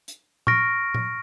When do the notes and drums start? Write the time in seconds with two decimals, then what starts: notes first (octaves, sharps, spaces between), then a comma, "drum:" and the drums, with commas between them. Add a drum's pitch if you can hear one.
0.08 drum: hi-hat
0.47 C#6 F6 A#6 D7, drum: tom A#2
0.94 drum: tom A#2